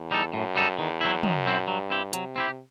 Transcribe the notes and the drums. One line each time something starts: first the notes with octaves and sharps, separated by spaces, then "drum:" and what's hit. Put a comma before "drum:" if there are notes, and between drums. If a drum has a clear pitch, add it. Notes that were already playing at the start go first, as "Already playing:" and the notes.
Already playing: E2
G3 D#4 A4
F#2 A2
G3 D#4 A4
E2 D#3
F#3 C4 E4
F#2 D#3, drum: tom
F#3 C4 E4
G2 F#3
C4 E4 G4
C3 F#3, drum: hi-hat
C4 E4 G4